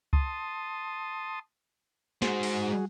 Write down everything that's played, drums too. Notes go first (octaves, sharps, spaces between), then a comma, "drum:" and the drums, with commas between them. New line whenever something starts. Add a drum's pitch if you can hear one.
A5 C6 D#6, drum: kick C#2
G#3 F#4 G#4 C5, drum: snare
drum: open hi-hat